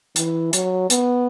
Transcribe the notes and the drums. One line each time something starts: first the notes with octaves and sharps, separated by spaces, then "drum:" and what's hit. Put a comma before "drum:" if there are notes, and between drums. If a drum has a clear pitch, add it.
E3, drum: hi-hat
F#3, drum: hi-hat
B3, drum: hi-hat